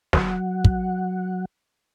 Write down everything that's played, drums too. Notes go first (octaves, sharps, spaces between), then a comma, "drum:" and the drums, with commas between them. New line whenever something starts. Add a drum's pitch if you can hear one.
F#3 F#5, drum: snare
drum: kick